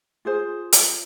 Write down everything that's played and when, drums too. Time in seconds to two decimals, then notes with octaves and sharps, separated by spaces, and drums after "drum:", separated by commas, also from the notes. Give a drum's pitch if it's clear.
0.25 F4 G#4 C5
0.73 drum: hi-hat